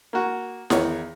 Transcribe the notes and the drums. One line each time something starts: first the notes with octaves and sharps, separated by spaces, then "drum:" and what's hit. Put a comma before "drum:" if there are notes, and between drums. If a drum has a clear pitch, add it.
A#3 F#4
E2 D#3 C#5, drum: snare E4